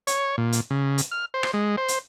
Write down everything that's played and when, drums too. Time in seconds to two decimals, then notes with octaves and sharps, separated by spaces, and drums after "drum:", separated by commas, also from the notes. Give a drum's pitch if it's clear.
0.07 C#5, drum: hi-hat
0.38 A#2
0.52 drum: hi-hat
0.70 C#3
0.98 drum: hi-hat
1.11 F6
1.34 C5
1.43 drum: rim click
1.54 G#3
1.77 C5
1.88 drum: hi-hat